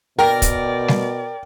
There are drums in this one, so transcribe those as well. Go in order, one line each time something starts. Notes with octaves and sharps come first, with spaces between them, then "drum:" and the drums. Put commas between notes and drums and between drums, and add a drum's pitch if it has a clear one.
B2 A#4 D5 G5
drum: kick, hi-hat
drum: snare G3